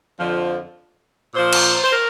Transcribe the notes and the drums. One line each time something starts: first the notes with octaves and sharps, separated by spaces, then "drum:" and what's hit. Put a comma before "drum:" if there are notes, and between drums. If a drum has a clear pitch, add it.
F2 D3 F3
A#2 F3 C5
drum: cymbal
C5
A#4